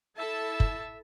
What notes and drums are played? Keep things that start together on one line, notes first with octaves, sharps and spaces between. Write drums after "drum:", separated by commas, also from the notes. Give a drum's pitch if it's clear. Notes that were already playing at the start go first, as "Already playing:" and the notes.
E4 A4 E5 A5
drum: kick